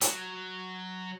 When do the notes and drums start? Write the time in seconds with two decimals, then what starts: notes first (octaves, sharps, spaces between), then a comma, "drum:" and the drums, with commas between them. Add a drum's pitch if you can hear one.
0.01 F#3, drum: hi-hat